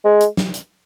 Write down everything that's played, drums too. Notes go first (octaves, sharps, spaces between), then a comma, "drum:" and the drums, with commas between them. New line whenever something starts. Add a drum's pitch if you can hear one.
G#3
drum: hi-hat
drum: snare
drum: hi-hat